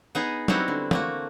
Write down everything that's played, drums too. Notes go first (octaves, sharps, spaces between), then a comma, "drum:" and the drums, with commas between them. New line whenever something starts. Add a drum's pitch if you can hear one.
B3 D#4 G#4
G3 B3 C4 D#4 E4 F#4, drum: tom
D3
A3 A#3 F#4, drum: tom